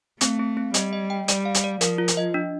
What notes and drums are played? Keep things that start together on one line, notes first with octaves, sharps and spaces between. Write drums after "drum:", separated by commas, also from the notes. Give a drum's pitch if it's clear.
A3 C4, drum: hi-hat
C4
C4
G3 D#5, drum: hi-hat
D#5
G5
G3 D5, drum: hi-hat
F5
drum: hi-hat
D5
F3 A#4, drum: hi-hat
F4
drum: hi-hat
D#5
D4